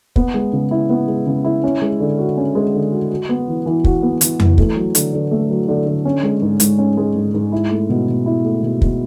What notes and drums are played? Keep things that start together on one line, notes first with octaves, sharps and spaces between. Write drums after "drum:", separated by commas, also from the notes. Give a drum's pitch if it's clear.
B3, drum: kick
G#3
C#3
E4
B3
G#3
C#3
E4
C#4
G#3
D3
F#4
C#4
G#3
D3
F#4
F#4
B3
E3
E3
F#4, drum: kick
B3
E3, drum: hi-hat
E3, drum: tom F2
A3, drum: kick
F#3
D3, drum: hi-hat
D3
A3
F#3
D3
D3
C#4
G#3
G#2
G#2, drum: hi-hat
C#4
G#3
G#2
G#2
E4
A3
B2
B2
E4
A3
B2
B2, drum: kick